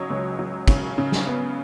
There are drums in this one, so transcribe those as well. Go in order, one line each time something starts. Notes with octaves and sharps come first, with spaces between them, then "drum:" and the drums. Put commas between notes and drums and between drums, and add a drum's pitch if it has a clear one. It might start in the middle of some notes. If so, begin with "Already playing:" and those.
Already playing: C#3 F#3 C#5 D#5
C#2
F#3
C#3, drum: kick, cymbal
C#3
drum: snare
B3